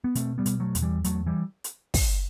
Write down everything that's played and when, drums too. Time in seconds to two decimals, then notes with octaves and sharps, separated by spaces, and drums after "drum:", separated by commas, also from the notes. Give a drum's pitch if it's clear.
0.04 B3
0.15 B2 A3 C4, drum: hi-hat
0.38 G3 B3
0.46 B2, drum: hi-hat
0.60 F#3 A3
0.75 E2, drum: hi-hat
0.82 E3 G3
1.04 E2 F#3 A3, drum: hi-hat
1.26 E3 G3
1.64 drum: hi-hat
1.94 drum: kick, open hi-hat